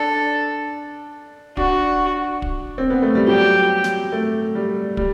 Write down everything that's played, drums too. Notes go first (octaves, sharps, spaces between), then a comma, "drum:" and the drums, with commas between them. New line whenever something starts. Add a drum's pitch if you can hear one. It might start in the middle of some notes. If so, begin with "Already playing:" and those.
Already playing: D4 A4
D4 F#4, drum: kick
drum: kick
C4
B3
A3
G3
F#3 G4
drum: snare
A3
G3
G3, drum: kick